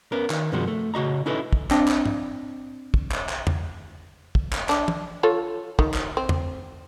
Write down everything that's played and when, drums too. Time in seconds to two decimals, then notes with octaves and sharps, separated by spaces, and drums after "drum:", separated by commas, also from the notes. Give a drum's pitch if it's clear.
0.12 B3 C#4 A#4
0.30 D#3, drum: clap
0.52 G2 C3 D#3 F3 G#3 F#4
0.68 A3
0.94 C#3 F#4 D#5 A#5
1.26 C#4 D#4 E4 A4 B4 D#5
1.53 drum: kick
1.71 C4 D4 D#5 F5 G5 A5, drum: clap
1.88 drum: clap
2.06 drum: tom G#2
2.94 drum: kick
3.11 drum: clap
3.29 drum: clap
3.47 drum: tom E2
4.35 drum: kick
4.53 drum: clap
4.69 D4, drum: clap
4.88 drum: tom
5.23 F4 A4 C#5
5.79 D#3, drum: kick
5.94 drum: clap
6.17 C4
6.29 drum: tom E2